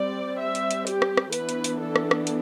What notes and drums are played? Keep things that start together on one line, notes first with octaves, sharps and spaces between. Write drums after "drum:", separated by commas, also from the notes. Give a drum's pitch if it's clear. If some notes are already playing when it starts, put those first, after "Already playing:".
Already playing: G3 C4 D5
E5
drum: hi-hat
drum: hi-hat
G4, drum: hi-hat
drum: rim click
drum: rim click
E3 B3 D4 B4, drum: hi-hat
drum: hi-hat
drum: hi-hat
A4
drum: rim click
drum: rim click
drum: hi-hat